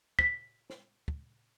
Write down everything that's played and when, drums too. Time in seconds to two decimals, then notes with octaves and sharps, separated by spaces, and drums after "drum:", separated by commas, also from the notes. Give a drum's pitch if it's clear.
0.19 B6, drum: kick
0.70 drum: snare
1.08 drum: kick